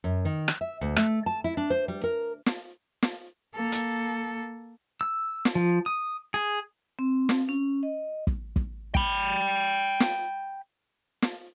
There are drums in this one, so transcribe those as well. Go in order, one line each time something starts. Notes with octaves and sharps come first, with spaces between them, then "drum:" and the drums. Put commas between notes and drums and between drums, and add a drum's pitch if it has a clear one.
F#2
D#3
drum: rim click
E5
D2
A3, drum: rim click
A5
E4
D4
C5
G3
A#4
drum: snare
drum: snare
A#3 A4
drum: hi-hat
E6
drum: snare
F3
D#6
G#4
C4
drum: snare
C#4
D#5
drum: kick
drum: kick
G5 B5, drum: kick
drum: snare
drum: snare